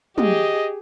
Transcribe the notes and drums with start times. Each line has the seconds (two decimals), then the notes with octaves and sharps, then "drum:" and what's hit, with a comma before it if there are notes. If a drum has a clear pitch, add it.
0.18 G4 G#4 D#5, drum: tom